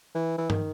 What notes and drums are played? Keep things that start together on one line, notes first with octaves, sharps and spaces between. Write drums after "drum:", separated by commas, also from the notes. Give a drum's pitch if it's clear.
E3
E3
D#3, drum: tom G2